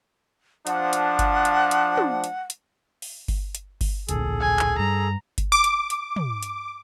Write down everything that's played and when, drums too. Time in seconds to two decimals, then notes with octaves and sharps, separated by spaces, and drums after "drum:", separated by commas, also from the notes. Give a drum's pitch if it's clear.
0.67 F3 D4 F#5, drum: hi-hat
0.93 drum: hi-hat
1.19 drum: kick G1, hi-hat
1.45 drum: hi-hat
1.71 drum: hi-hat
1.98 drum: tom
2.24 drum: hi-hat
2.50 drum: hi-hat
3.02 drum: open hi-hat
3.28 drum: kick G1, open hi-hat
3.55 drum: hi-hat
3.81 drum: kick G1, open hi-hat
4.09 D1 A#1 G#4 A4, drum: hi-hat
4.41 G#5
4.59 drum: clap
4.79 G2 A#5
5.38 drum: kick G1, hi-hat
5.52 D6
5.64 drum: hi-hat
5.90 drum: hi-hat
6.16 drum: tom
6.43 drum: hi-hat